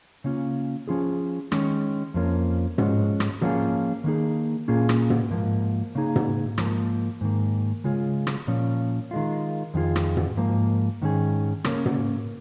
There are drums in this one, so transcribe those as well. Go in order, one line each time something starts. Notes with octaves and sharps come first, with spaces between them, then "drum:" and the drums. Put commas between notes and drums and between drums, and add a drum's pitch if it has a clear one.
C#3 A#3 C#4 F4
F3 C#4 F4 G#4
D#3 G#3 C#4, drum: rim click
F2 F3 A#3 C#4
G#2 F3 G#3 C#4, drum: tom
drum: rim click
F3 A#3 C#4 F4 G#4, drum: tom
D#3 A#3 D#4 G#4
A#2 A#3 C#4 F4 G#4
drum: rim click
drum: tom
G#2 F3 A#3
C#3 A#3 D#4 G#4
drum: tom
G#2 F3 A#3, drum: rim click
G#2 D#3 A#3
C#3 G#3 F4 G#4
drum: rim click
A#2 F3 C#4
D#3 G#3 F4
F2 D#3 G#3 F4 G#4
drum: rim click
drum: tom
G#2 F3 A#3
G#2 D#3 C#4 G#4
C#3 A#3 C#4, drum: rim click
drum: tom